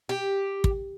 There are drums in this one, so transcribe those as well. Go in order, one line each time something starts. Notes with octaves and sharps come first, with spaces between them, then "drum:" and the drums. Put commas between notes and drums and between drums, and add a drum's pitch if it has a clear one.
G4
drum: kick